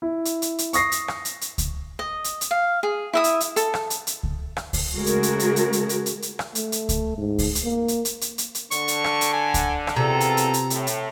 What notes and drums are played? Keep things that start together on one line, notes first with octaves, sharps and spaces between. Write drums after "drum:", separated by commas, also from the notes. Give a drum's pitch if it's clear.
E4
drum: hi-hat
drum: hi-hat
drum: hi-hat
C#6 D#6 A#6 C7, drum: hi-hat
drum: hi-hat
drum: rim click
drum: hi-hat
drum: hi-hat
drum: kick C#2, hi-hat
D#5
drum: hi-hat
drum: hi-hat
F5
G#4
E4 E5 D#6
drum: hi-hat
drum: hi-hat
A4, drum: hi-hat
drum: rim click
drum: hi-hat
drum: hi-hat
drum: kick C#2
drum: rim click
drum: kick C#2, open hi-hat
C#3 G#3 A3 F#4 G#4 A#4
drum: hi-hat
drum: hi-hat
drum: hi-hat
drum: hi-hat
drum: hi-hat
drum: hi-hat
drum: hi-hat
drum: hi-hat
drum: rim click
A3, drum: hi-hat
drum: hi-hat
drum: kick C#2, hi-hat
G#2
drum: kick C#2, open hi-hat
drum: hi-hat
A#3
drum: hi-hat
drum: hi-hat
drum: hi-hat
drum: hi-hat
drum: hi-hat
D3 C#6, drum: hi-hat
drum: hi-hat
drum: rim click
drum: hi-hat
G#5
drum: kick C#2, hi-hat
drum: rim click
E2 C3 F4 A4 A#5
drum: hi-hat
drum: hi-hat
drum: hi-hat
A2, drum: hi-hat
drum: hi-hat